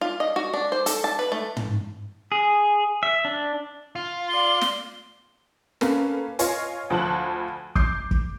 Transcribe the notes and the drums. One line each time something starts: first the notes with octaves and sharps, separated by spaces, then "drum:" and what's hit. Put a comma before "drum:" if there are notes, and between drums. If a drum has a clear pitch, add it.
F4
D#5
F#4
D4
C5
A4, drum: hi-hat
A5
B4
A3
drum: tom
G#4
E5
D4
F4
D5 C6 G7
drum: snare
A#3 C#4 A4 B4 F5, drum: snare
F4 C#5 D#5 G#5, drum: hi-hat
D2 F3 A5 F#6 F#7
D6 G6 C7, drum: kick
drum: kick